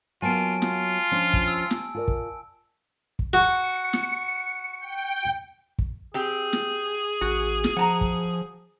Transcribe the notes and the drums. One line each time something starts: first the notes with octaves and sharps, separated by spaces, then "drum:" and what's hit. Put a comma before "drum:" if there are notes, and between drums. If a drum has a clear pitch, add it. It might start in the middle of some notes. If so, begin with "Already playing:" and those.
F#3 A#3 B3 F4 G#5 A5 D7
F4, drum: snare
F3 C#4 D4
drum: kick
E6
drum: snare
F4 A#4 D5
drum: kick
drum: kick
F#4 C#7
drum: snare
G5
drum: kick
C4 G4 G#4
drum: snare
A1 F#4
drum: snare
F3 F#5 A5 A#5
drum: kick